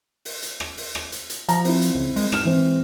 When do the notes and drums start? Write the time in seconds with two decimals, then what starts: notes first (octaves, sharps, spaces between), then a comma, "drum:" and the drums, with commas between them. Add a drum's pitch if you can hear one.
0.25 drum: open hi-hat
0.43 drum: hi-hat
0.60 drum: rim click
0.77 drum: open hi-hat
0.95 drum: rim click
1.12 drum: hi-hat
1.30 drum: hi-hat
1.49 F3 A#5, drum: hi-hat
1.64 C4 E4, drum: open hi-hat
1.82 drum: hi-hat
1.94 C#2
2.16 G#3, drum: open hi-hat
2.32 G#2 F6 E7, drum: rim click
2.45 E3 C4